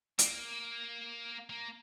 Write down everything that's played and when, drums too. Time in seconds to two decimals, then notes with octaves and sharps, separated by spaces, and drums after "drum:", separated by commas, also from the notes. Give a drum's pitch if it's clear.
0.19 A#3, drum: hi-hat
1.50 A#3